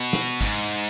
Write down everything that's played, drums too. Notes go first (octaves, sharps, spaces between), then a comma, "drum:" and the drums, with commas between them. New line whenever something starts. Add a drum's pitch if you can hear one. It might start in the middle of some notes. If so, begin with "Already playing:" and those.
Already playing: B2
drum: snare
G#2, drum: kick